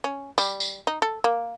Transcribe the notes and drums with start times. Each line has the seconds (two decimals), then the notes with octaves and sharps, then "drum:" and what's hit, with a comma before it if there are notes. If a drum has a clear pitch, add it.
0.04 C#4
0.38 G3, drum: tambourine
0.60 drum: tambourine
0.87 D#4
1.02 A4
1.24 A#3